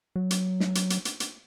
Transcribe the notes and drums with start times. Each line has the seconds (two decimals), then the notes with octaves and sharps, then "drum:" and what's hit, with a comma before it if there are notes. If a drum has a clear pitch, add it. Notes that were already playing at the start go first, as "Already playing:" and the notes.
0.16 F#3
0.31 drum: hi-hat
0.60 drum: snare
0.75 drum: hi-hat
0.90 drum: hi-hat
1.05 drum: hi-hat
1.20 drum: hi-hat